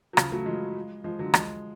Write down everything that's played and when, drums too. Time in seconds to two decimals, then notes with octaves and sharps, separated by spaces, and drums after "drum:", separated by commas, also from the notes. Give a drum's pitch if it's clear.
0.13 F#3
0.17 C#3 F3, drum: rim click
0.32 F#3 A3
0.46 F3 G#3
1.04 F3 G#3
1.19 D3 F#3
1.34 F3 G#3, drum: rim click